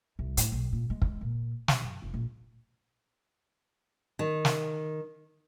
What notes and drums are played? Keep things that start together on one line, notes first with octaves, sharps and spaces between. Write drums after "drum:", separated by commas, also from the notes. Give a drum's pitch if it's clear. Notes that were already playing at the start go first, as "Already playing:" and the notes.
C2
A2, drum: hi-hat
B1
A#2
G#3
drum: kick
A#2
B2, drum: snare
F#2
F1
A#1
D#3
drum: snare